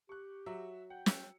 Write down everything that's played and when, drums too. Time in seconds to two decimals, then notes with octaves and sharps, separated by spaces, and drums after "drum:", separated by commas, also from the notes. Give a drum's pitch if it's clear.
0.09 G4 C#6 F#6
0.46 F#3 F#4 E5
0.90 F#5 G5
1.06 E6 C#7, drum: snare